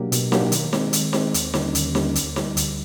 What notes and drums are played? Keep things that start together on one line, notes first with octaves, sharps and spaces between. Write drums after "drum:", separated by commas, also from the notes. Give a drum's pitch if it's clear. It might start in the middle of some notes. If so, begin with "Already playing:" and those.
Already playing: B2 F#3 A#3 D4 G4
B2, drum: hi-hat
F#3 A#3 D4 G4, drum: snare D#4
D#3, drum: hi-hat
G#3 C4, drum: snare D#4
D#3, drum: hi-hat
G#3 C4, drum: snare D#4
D#2, drum: hi-hat
D3 G3 A#3 C#4, drum: snare D#4
D#2, drum: hi-hat
D3 G3 A#3 C#4, drum: snare D#4
D2, drum: hi-hat
D3 G3, drum: snare D#4
D2, drum: hi-hat